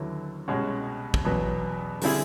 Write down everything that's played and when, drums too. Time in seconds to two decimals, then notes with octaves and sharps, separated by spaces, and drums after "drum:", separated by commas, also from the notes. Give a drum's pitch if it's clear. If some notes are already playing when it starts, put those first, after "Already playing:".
Already playing: D#2 D3 F#3 B3 E4
0.48 C2 B2 G#3 C#4 F#4
1.14 drum: kick
1.25 E2 B2 F#3 B3
2.02 D3 G3 C4 E4 G#4, drum: open hi-hat